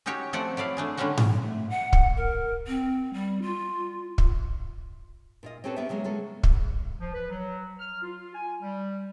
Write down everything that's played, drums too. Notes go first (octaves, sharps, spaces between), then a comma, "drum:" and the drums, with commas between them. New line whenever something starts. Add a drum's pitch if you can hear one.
C#4 D#4 F#4 G4 C#5
F3 A3 C4 A4 D5 F#5
F#3 E4 D5 F5
A3 D4 G#4
D3 G3 G#3 C#4 D4 F#4
drum: tom G#2
A3
F#5
drum: kick
A#4
C4
G3
F4
drum: kick
A#2 F4 D#5
C4 C#4 G4 A4 B4 C5
B3 D4 G4 A#4 E5
C#3 F#3 G#3 A#3
F#3 G#3 C#4 G#4 A4
drum: kick
F3
B4
F#3
F6
F4
G#5
G3